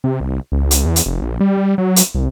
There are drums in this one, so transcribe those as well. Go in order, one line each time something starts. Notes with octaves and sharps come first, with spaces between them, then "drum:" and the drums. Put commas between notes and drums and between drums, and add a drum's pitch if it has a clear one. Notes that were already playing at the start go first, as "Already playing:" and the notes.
C3
C2
C#2
drum: hi-hat
E2
drum: hi-hat
F1
A#1
G3
G3
F#3
drum: hi-hat
C2